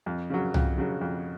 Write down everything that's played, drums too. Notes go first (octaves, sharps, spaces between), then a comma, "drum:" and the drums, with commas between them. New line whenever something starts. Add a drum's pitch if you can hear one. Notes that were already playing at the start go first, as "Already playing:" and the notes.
F2
C#3 F#3
F2, drum: tom
C#3 F#3
F2